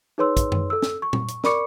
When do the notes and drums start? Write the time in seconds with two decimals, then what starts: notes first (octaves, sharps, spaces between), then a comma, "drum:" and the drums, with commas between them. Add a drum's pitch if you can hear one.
0.18 D#4 G#4 B4 C#5 C6 E6
0.37 drum: kick, hi-hat
0.52 drum: tom F#2
0.70 A4 E6
0.82 drum: snare
1.02 C#6
1.13 drum: tom A#2
1.28 drum: hi-hat
1.44 A#4 D5 B5 C#6 D6 C#7, drum: snare